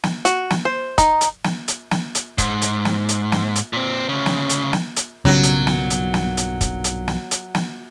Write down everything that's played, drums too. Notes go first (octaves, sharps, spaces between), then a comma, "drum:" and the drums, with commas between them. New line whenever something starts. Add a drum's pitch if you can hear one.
drum: snare
F#4, drum: hi-hat
drum: snare
C5
D#4, drum: kick, hi-hat
drum: hi-hat
drum: snare
drum: hi-hat
drum: snare
drum: hi-hat
G#2, drum: kick, hi-hat
drum: hi-hat
drum: snare
drum: hi-hat
drum: snare
drum: hi-hat
A#2 C4
D2 C#3
drum: snare
drum: hi-hat
drum: snare
drum: hi-hat
B1 G2 A#2 C#3 F#3
drum: hi-hat
drum: snare
drum: hi-hat
drum: snare
drum: hi-hat
drum: kick, hi-hat
drum: hi-hat
drum: snare
drum: hi-hat
drum: snare